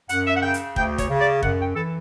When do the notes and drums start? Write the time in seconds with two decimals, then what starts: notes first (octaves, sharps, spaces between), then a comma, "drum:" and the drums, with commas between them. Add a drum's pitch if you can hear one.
0.09 F#2 F#5, drum: hi-hat
0.27 E5
0.35 F#5
0.42 C#3 G5
0.54 drum: hi-hat
0.76 D2 G5, drum: kick
0.98 C#5, drum: kick, hi-hat
1.09 C#3
1.20 D5
1.43 F#2 F#5, drum: kick
1.59 G5
1.75 E3 A4